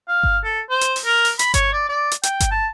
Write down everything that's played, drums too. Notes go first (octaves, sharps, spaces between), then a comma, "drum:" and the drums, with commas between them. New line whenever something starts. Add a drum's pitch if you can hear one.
F5
drum: kick G1
A4
C5
drum: hi-hat
drum: open hi-hat
A#4
drum: open hi-hat
B5, drum: hi-hat
C#5, drum: kick G1, hi-hat
D5
D5
drum: hi-hat
G5, drum: hi-hat
drum: kick G1, hi-hat
A5